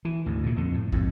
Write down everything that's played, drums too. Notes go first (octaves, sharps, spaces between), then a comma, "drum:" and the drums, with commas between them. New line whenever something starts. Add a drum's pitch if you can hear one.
E3
D2 G#2
A#2 C#3
F2 D3
A2
F2 G#2, drum: kick